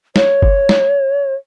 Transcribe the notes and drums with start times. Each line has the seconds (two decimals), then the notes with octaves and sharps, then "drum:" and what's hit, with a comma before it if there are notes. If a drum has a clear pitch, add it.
0.16 C#5, drum: snare
0.42 drum: kick F#1
0.69 drum: snare